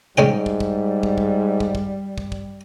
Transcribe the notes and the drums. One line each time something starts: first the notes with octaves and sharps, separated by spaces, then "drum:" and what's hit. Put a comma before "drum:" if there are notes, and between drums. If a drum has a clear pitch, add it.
G#2 G3 G#3 C#4 G5
drum: kick
drum: kick
drum: kick
drum: kick
drum: kick
drum: kick
drum: kick
drum: kick